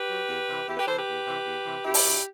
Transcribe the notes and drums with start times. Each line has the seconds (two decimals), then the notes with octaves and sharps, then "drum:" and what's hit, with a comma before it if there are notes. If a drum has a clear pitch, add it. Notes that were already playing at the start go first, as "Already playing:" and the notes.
Already playing: G4 B4
0.09 F#3
0.28 E2
0.48 C3 E3
0.67 E2 E4 G4
0.77 G4 B4
0.87 C3 E3 A4 C5
0.97 G4 B4
1.07 E2
1.26 C3 E3
1.46 E2
1.65 C3 E3
1.84 F#2 E4 G4
1.94 drum: open hi-hat
2.04 D3 F#3